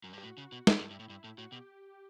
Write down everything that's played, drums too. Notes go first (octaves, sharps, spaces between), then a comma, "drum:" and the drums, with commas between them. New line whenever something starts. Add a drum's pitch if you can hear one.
F#2
G2
G4
A2 F#4
C#3
B2
drum: snare
G2 E4
G2
A2
G2
A2
A2 F#4
B2 G4